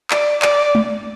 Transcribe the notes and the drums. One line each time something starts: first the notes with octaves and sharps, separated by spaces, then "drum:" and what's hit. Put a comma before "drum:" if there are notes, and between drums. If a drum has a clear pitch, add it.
D5, drum: clap
D5, drum: clap
drum: tom